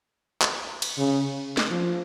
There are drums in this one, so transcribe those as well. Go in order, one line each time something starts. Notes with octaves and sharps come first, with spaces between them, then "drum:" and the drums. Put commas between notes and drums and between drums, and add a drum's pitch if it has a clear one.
drum: clap
drum: cymbal
C#3
drum: snare
F3